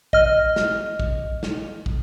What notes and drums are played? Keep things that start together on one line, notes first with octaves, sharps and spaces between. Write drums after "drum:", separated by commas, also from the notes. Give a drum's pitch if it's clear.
D#5 F6, drum: kick
drum: snare
drum: kick
drum: snare
drum: kick